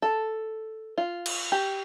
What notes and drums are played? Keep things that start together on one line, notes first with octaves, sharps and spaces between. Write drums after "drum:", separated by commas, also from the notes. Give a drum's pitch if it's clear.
A4
F4
drum: cymbal
G4